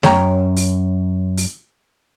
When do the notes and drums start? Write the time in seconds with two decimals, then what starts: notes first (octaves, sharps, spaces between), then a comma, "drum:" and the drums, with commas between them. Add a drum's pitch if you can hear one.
0.03 F#2 C#5 G5 A#5, drum: snare A3
0.56 drum: open hi-hat
1.37 drum: open hi-hat